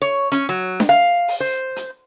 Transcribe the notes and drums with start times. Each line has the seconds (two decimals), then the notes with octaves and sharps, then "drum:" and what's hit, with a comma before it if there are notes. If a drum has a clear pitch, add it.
0.02 C#5
0.32 C#4, drum: hi-hat
0.49 F#3
0.80 drum: snare D4
0.89 F5
1.28 drum: open hi-hat
1.40 C5
1.76 drum: hi-hat